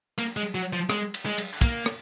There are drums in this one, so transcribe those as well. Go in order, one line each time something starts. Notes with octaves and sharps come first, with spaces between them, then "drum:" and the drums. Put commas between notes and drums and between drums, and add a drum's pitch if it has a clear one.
A#3, drum: cymbal
G#3
F#3
F3
G#3, drum: rim click
drum: cymbal
G#3
drum: cymbal
A#3, drum: kick, cymbal
drum: rim click